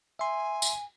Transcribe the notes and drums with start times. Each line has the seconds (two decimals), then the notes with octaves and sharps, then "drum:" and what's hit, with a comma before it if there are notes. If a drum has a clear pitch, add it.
0.19 E5 G#5 C6
0.62 drum: tambourine